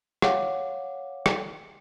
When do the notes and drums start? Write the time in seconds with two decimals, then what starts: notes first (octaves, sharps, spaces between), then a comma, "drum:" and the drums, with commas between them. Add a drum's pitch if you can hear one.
0.22 C#5 F5 F#5 D6, drum: rim click
1.26 drum: rim click